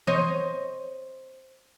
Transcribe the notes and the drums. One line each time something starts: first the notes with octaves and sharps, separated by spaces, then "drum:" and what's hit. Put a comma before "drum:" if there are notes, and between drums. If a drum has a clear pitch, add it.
C5 C#5 D#5, drum: tom E3